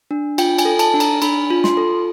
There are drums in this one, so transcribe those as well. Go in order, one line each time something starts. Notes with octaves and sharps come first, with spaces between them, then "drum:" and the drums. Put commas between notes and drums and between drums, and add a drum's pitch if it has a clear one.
D4
F4 G5, drum: cymbal
G#5, drum: cymbal
A4
A5, drum: cymbal
D4
A#5, drum: cymbal
D4 B5, drum: cymbal
F4
C6, drum: snare
A4